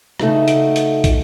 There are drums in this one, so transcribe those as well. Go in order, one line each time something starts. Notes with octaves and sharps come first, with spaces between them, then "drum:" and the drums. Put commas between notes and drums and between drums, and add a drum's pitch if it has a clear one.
C#3 A3 D#4 F#4, drum: rim click
drum: hi-hat
drum: hi-hat
drum: kick, hi-hat